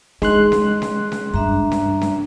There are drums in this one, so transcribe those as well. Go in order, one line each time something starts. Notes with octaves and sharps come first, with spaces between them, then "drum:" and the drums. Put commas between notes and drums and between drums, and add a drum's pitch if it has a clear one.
G#3 D#4 C6 F#6, drum: snare C#4
drum: snare C#4
drum: snare C#4
drum: snare C#4
G2 D4 E5 A#5
drum: snare C#4
drum: snare C#4